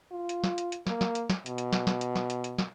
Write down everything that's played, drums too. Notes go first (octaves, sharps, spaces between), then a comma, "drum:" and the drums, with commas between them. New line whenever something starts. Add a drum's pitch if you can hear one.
F4
drum: hi-hat
drum: snare
drum: hi-hat
drum: hi-hat
A#3, drum: snare
drum: snare
drum: hi-hat
drum: snare
B2, drum: hi-hat
drum: hi-hat
drum: snare
drum: snare
drum: hi-hat
drum: snare
drum: hi-hat
drum: hi-hat
drum: snare